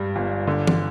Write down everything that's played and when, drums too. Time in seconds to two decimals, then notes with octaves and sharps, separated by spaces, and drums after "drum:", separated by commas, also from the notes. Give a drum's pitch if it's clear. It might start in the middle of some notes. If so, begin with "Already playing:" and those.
Already playing: G2 G3
0.16 G1
0.47 D3
0.67 drum: tom E3